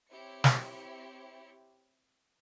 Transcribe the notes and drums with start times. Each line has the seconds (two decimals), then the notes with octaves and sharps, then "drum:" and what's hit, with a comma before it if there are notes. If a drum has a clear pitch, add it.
0.10 C4 E4 G4 C#5 C#7
0.44 drum: snare